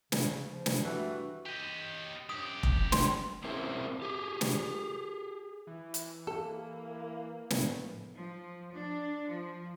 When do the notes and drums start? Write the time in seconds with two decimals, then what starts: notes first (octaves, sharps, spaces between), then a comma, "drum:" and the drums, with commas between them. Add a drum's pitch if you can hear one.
0.12 C#3, drum: snare
0.52 F3
0.66 drum: snare
0.83 G2 E3 A3 F#4
1.46 G4 D#5
2.29 F#2 G4 D#6
2.63 drum: kick F1
2.92 C6, drum: snare
3.44 C4 C#4 E4 G#4 A#4 E5
4.02 G4 G#4
4.41 drum: snare
5.67 E3
5.94 drum: hi-hat
6.27 A#3 G4 A4
7.50 A2 F3 B3, drum: snare
8.15 F3
8.75 D4
9.31 F3